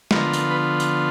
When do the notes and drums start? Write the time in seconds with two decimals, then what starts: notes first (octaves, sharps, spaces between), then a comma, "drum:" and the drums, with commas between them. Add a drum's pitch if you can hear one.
0.11 D3 F3 B3 F4 A#4, drum: snare
0.33 drum: tambourine
0.51 B4
0.80 drum: tambourine